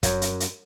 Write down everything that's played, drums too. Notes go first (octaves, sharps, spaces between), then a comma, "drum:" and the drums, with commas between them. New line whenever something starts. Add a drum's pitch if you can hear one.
F#2, drum: kick, hi-hat
drum: hi-hat
drum: hi-hat